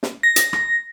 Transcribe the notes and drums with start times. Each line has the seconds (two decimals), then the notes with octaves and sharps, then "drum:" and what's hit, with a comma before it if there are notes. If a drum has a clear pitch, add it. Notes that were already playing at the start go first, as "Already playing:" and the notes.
0.03 drum: snare
0.23 A#6
0.36 drum: hi-hat
0.53 drum: rim click